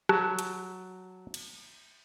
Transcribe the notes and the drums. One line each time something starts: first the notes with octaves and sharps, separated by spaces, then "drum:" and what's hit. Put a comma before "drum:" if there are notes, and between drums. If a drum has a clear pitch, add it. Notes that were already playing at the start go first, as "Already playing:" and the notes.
F#3 A5, drum: rim click
drum: hi-hat
drum: cymbal